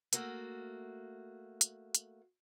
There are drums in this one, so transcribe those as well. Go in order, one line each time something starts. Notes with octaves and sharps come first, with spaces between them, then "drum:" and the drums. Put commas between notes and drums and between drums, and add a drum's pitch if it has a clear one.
A3 A#3 F#4, drum: hi-hat
drum: hi-hat
drum: hi-hat